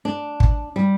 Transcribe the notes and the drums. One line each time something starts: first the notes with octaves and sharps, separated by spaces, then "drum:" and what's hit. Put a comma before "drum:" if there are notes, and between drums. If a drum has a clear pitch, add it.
D4
drum: kick
G3